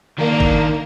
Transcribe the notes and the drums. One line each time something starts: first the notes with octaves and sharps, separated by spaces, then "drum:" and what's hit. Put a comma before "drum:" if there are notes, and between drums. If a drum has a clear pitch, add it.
D#3 A#3 D4
drum: kick